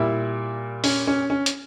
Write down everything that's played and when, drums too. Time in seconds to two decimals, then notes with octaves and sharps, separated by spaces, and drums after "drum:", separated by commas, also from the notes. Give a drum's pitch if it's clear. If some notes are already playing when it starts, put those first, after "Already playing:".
Already playing: A#2 G3 E4
0.84 C#4, drum: open hi-hat
1.07 C#4
1.30 C#4
1.46 drum: hi-hat